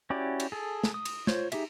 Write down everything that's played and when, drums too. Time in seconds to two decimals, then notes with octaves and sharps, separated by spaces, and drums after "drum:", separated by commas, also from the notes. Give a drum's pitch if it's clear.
0.10 C#4 E4 F#4 G4 D5
0.40 drum: cymbal
0.52 G#4 A4
0.84 drum: snare
0.94 D#6
1.05 drum: cymbal
1.27 F4 C5 C#5, drum: snare
1.52 D#4 G4 G#4 E5, drum: cymbal